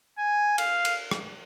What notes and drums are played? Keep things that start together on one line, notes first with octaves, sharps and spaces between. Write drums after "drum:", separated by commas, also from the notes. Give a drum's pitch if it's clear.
G#5
F5, drum: cymbal
drum: cymbal
drum: rim click